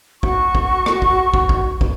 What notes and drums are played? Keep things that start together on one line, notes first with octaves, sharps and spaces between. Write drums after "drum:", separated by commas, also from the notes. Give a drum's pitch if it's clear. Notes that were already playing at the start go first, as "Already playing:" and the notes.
F#4 C#6, drum: kick
drum: kick
drum: rim click
drum: kick
drum: kick
drum: kick
drum: kick